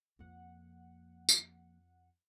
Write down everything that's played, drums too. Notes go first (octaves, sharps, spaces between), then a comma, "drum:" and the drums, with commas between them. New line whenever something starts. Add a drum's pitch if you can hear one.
F2 F3 A#3 F#5
drum: tambourine